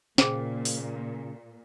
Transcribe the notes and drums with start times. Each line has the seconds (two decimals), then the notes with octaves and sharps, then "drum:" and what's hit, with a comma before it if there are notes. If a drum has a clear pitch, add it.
0.18 A#2 C#3 G#4 C5 G5, drum: snare
0.65 drum: open hi-hat